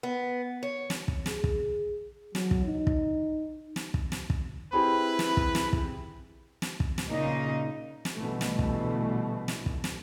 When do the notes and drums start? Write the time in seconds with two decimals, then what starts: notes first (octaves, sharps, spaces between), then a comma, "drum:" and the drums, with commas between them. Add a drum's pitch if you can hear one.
0.03 B3
0.63 C#5
0.90 drum: snare
1.08 drum: kick
1.26 G#4, drum: snare
1.44 drum: kick
2.35 F#3, drum: snare
2.51 drum: kick
2.65 D#4
2.87 drum: kick
3.76 drum: snare
3.94 drum: kick
4.12 drum: snare
4.30 drum: kick
4.73 C4 E4 G4 G#4 B4 B5
5.19 drum: snare
5.37 drum: kick
5.55 drum: snare
5.73 drum: kick
6.62 drum: snare
6.80 drum: kick
6.98 drum: snare
7.08 A#2 C#3 D#4
8.05 drum: snare
8.16 A#1 B2 D3 E3 G3 A3
8.41 drum: snare
8.59 drum: kick
9.48 drum: snare
9.66 drum: kick
9.84 drum: snare